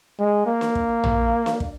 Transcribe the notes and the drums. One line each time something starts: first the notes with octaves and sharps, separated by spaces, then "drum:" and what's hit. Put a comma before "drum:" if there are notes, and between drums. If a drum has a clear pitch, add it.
G#3
A#3
drum: snare
drum: kick
drum: tom A#1
drum: snare
drum: kick